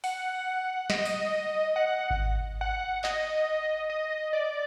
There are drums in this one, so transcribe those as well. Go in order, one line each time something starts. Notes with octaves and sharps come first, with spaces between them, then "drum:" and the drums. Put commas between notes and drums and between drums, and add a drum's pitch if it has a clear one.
F#5, drum: open hi-hat
D#5, drum: snare
drum: tambourine
F#5
drum: kick G#1
F#5
D#5, drum: clap
D#5
D5